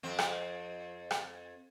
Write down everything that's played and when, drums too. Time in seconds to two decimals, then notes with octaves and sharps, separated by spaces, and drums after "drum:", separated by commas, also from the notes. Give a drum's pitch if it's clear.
0.03 F2 C4
0.19 drum: rim click
1.11 drum: rim click